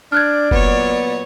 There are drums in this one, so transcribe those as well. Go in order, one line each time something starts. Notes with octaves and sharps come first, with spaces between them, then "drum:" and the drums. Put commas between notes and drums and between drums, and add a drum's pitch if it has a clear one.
D4 D5 F6 F#6 G#6
A#2 F#3 B3 C#5, drum: kick F1